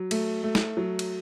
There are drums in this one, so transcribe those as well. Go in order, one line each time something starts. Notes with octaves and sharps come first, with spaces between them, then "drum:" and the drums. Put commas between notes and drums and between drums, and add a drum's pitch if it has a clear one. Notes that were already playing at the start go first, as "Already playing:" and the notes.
Already playing: F#3
A3, drum: cymbal
A3
drum: snare
F#3
drum: cymbal